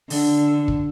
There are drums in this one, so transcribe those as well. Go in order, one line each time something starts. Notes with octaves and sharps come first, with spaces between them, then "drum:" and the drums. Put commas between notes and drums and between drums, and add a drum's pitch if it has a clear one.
D3, drum: open hi-hat
drum: kick